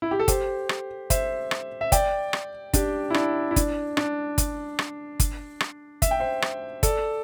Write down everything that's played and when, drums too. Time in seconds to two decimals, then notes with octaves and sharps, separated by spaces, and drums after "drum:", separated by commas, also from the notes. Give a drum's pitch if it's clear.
0.02 E4
0.11 G4
0.19 A4
0.28 G4 C5, drum: kick G1, hi-hat
0.69 drum: rim click
1.10 C5 E5, drum: kick G1, hi-hat
1.51 drum: rim click
1.81 E5
1.92 D5 G5, drum: kick G1, hi-hat
2.33 drum: rim click
2.73 D4 G4, drum: kick G1, hi-hat
3.10 E4
3.14 D4, drum: rim click
3.51 E4
3.56 D4, drum: kick G1, hi-hat
3.97 D4, drum: rim click
4.38 drum: kick G1, hi-hat
4.79 drum: rim click
5.20 drum: kick G1, hi-hat
5.60 drum: rim click
6.02 E5, drum: kick G1, hi-hat
6.11 G5
6.20 C5 E5
6.42 drum: rim click
6.83 A4 D5, drum: kick G1, hi-hat